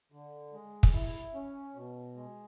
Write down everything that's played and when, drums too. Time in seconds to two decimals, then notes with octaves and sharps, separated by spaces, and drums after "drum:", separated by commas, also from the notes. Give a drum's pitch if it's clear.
0.12 D3
0.53 G#3
0.83 drum: kick
0.94 E4
1.34 C#4
1.75 B2
2.16 G#3